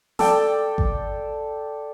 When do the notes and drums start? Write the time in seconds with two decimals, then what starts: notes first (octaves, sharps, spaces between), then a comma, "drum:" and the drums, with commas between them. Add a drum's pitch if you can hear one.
0.19 A4 D5 G5, drum: snare
0.78 drum: kick G#1